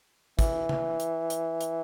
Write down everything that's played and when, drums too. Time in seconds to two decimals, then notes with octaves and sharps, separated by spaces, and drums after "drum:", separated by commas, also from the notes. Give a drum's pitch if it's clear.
0.39 E3, drum: kick, hi-hat
0.69 drum: tom C#3
1.00 drum: hi-hat
1.30 drum: hi-hat
1.61 drum: hi-hat